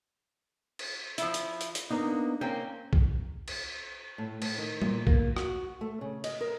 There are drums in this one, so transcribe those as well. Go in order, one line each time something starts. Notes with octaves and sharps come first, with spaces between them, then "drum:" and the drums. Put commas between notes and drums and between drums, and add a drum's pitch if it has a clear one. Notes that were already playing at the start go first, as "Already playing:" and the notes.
drum: cymbal
F3 E4, drum: hi-hat
drum: hi-hat
drum: hi-hat
drum: hi-hat
A#3 B3 D4 D#4
A#3 C4 C#4 G5
drum: kick
drum: cymbal
A2
A2, drum: cymbal
D#3
A#2, drum: tom G3
A#3, drum: kick
F#4, drum: rim click
A3
C#3
D#5, drum: cymbal
A#4